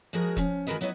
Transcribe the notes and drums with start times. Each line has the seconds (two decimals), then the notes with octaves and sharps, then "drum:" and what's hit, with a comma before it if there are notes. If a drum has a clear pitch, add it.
0.13 F3 G#3 F#4 G#4 A#4
0.37 F3 C#4, drum: kick E1, hi-hat
0.67 D#3 G#3 F#4 A#4 B4 D#5
0.81 F#3 B3 E4 C#5 D#5